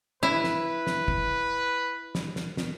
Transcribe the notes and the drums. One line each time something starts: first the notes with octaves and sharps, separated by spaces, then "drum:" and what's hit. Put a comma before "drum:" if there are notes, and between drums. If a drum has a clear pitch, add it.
E4 B4
drum: snare
drum: snare
drum: kick
drum: snare
drum: snare
drum: snare